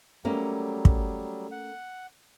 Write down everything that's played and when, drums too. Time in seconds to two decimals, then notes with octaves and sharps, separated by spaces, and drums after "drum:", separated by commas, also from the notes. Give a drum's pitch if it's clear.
0.25 F#3 G3 A3 A#3 C#4
0.85 drum: kick
1.51 F#5